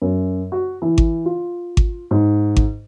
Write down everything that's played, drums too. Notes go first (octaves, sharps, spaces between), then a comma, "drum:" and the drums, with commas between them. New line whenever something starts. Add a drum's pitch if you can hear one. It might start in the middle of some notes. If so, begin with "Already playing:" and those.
F#2
F#4
E3
drum: kick G#1
F4
drum: kick G#1
G#2
drum: kick G#1